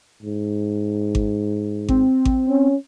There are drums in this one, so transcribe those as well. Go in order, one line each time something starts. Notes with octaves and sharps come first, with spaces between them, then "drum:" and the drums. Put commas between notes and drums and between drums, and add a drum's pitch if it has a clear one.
G#2
drum: kick G#1
C4, drum: kick G#1
drum: kick G#1
C#4